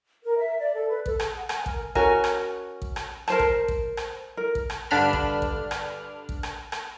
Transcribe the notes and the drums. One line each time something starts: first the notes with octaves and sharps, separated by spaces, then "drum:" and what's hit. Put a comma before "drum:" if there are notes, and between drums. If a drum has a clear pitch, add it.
A#4
E5
D5
A4
B4
A4, drum: kick A1
G#4, drum: rim click
F#5
G#5, drum: rim click
A#4, drum: kick A1
C#4 F#4 A#4 G#5, drum: kick A1
drum: rim click
drum: kick A1
drum: rim click
A#4 C5 A5, drum: rim click
drum: kick A1
drum: kick A1
drum: rim click
A#4
drum: kick A1
drum: rim click
G2 D3 D4 B5 F6
drum: kick A1
drum: kick A1
drum: rim click
drum: kick A1
drum: rim click
drum: rim click